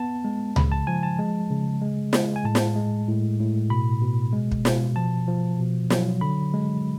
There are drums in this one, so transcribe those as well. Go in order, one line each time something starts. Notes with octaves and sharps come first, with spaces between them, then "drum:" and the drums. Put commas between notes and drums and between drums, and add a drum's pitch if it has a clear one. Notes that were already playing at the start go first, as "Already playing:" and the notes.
Already playing: B3 A5
G#3
C#3 B5, drum: tom C#2
A5
F3 G#5
A5
G#3
C#3
G#3
G#3, drum: snare
G#5
A2 A5
drum: snare
G#3
A2
A2
B2 B5
B2
G#3
drum: kick
B2, drum: snare
F3 A5
F3
B2
F#3, drum: snare
D3 B5
G#3